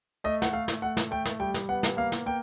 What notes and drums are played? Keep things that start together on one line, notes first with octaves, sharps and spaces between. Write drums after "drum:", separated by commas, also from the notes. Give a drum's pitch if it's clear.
A3 D#5
F#5, drum: snare
A3 F5
drum: snare
A3 F#5
drum: snare
A3 G5
drum: snare
G3 G5
drum: snare
B3 F#5
drum: snare
A#3 F5
drum: snare
A#3 G5